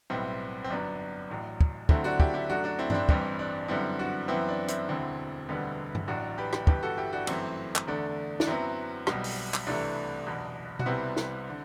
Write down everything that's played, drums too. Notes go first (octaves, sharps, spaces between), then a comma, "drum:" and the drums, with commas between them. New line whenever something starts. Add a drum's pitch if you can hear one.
B1 A2 G3 B3 C4 E4
C4
G1 F#2 F#3 B3 D4
A1 A2 F#3
drum: kick
D2 D3 F#3 A3 C4 E4, drum: kick
D4 F#4
E4 G4, drum: kick
E4 G4
F#2 F#3 A3 D4 F#4
D4 F#4
C4 E4
D4, drum: tom G2
C4 E4
A1 G2 E3 G3 C4, drum: kick
D4
F#2 D3 G3 B3 C4 E4
D4 F#4
F#2 E3 B3 C4 E4
D4
C4 E4, drum: hi-hat
E1 D2 D3 C4 E4
E1 D2 D3 G3 B3
drum: tom G2
A1 A2 F#3 D4 F#4
G4 B4
G4 B4, drum: rim click
G1 G2 E3 G4 B4, drum: kick
F#4 A4
E4 G4
D4 F#4
G1 F#2 E3 A3 C4 E4, drum: cymbal
drum: clap
E2 D3 A3 D4
D4, drum: snare
F#2 F#3 B3 C4 E4
B1 B2 G3, drum: rim click
drum: open hi-hat
drum: clap
C2 C3 E3 A3 D4
F#1 E2 B2
F#4, drum: tom B2
C2 C3 G3 B3 C4 E4
drum: snare
D3